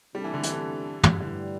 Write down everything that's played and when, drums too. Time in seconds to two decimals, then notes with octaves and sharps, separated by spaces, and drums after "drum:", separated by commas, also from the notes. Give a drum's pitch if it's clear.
0.15 C3 G3 A3 D4 A4
0.24 E3
0.34 D3
0.43 E3, drum: hi-hat
1.03 drum: tom
1.20 A2 D3 E3 G3